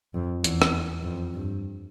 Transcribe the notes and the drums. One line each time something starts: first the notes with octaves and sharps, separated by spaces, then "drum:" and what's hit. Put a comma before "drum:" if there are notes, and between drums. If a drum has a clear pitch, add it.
F2
E2, drum: hi-hat
drum: rim click
F2
G2